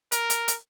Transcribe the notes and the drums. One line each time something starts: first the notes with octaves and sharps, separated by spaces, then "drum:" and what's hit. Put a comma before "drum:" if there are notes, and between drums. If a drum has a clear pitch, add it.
A#4, drum: hi-hat
drum: hi-hat
drum: hi-hat